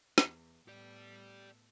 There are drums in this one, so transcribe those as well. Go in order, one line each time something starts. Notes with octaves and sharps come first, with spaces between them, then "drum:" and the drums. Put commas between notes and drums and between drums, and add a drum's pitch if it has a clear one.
E2, drum: snare
A2 B3 G4 A4 D5